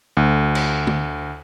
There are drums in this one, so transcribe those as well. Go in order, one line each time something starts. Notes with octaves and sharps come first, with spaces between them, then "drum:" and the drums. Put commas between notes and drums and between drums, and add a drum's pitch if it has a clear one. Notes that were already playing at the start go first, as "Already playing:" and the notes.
D2
drum: cymbal
drum: tom